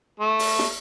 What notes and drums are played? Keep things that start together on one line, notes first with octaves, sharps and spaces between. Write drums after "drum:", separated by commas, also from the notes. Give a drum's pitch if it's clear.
A3
drum: open hi-hat
drum: snare